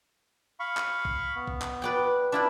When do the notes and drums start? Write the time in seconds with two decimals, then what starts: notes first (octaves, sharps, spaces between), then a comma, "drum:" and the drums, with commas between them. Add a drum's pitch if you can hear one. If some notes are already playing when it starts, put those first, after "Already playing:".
0.60 F5 B5 C#6
0.77 drum: clap
1.05 drum: kick
1.35 B3
1.47 drum: kick
1.62 drum: clap
1.82 B4 D5 G5
2.32 D4 E4 F4 B4 D5 B5